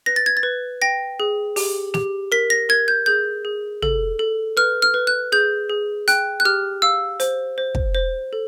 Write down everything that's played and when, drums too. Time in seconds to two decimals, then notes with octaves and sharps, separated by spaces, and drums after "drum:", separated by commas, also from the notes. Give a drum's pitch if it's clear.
0.06 B4 A#6
0.16 A6
0.26 G#6
0.37 A6
0.43 B4
0.82 G5 A#6
1.20 G#4
1.56 G4, drum: open hi-hat
1.94 G4, drum: snare
2.32 A#4 B6
2.50 A#6
2.69 A#4 G#6
2.88 G6
3.06 G#4 G6
3.45 G#4
3.83 A4, drum: tom
4.19 A4
4.57 B4 F6
4.82 F6
4.94 B4
5.07 F#6
5.32 G#4 G6
5.69 G#4
6.08 G5 F#6, drum: hi-hat
6.40 F#6
6.45 G4 F6
6.82 F5 E6
7.20 C5, drum: hi-hat
7.58 C5
7.75 drum: kick
7.95 C5
8.33 A4